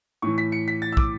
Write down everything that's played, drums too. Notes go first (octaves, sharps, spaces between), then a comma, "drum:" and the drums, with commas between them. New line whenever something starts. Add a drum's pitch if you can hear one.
A2 E3 C#6
B6
C#7
B6
A6
E6
D6, drum: kick